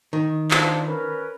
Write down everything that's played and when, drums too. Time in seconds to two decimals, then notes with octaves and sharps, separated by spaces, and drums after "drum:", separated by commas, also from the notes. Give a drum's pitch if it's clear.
0.13 D#3
0.51 D4 F4 C5, drum: clap
0.86 C#4 A#4 B4